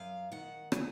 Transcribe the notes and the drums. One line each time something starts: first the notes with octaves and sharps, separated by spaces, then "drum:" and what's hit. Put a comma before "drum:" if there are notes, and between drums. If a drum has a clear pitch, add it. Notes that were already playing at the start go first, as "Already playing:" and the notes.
Already playing: F#2 F5
D#3 F#5
G#4, drum: rim click